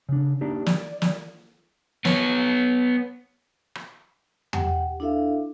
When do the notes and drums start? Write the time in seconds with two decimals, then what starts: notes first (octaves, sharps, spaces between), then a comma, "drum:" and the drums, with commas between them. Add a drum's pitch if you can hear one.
0.09 C#3 D4
0.41 A#3 D4 D#4 G4
0.66 D5, drum: snare
1.02 drum: snare
2.05 B3 C#5, drum: snare
3.75 drum: rim click
4.53 G4 F#5 G5, drum: tom E2
5.00 D4 E4 A4 E5 F5